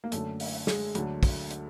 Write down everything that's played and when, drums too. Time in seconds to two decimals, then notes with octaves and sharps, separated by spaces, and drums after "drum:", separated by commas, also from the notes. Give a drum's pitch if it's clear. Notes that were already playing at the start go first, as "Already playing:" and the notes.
0.04 A#3
0.12 F#2 D3 A3, drum: hi-hat
0.40 drum: open hi-hat
0.67 G#3, drum: snare
0.95 D2 D3 F#3, drum: hi-hat
1.23 drum: kick, open hi-hat
1.50 drum: hi-hat